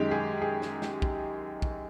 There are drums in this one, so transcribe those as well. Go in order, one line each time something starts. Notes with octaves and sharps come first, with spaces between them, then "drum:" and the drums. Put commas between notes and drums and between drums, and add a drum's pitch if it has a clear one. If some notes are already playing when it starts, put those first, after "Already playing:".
Already playing: F#2 D#3 G#3 G4
G#4
G#4
drum: snare
drum: snare
drum: kick
drum: kick